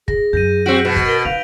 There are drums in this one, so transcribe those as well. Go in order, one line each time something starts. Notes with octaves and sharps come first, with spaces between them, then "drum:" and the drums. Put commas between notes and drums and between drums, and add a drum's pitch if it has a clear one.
G#4 A#6, drum: kick
F#2 G6 A#6 D#7
C4 F#4 B6 D7 F#7
B2
drum: kick
A#4 D7 F#7 G7
D#4 F5 F7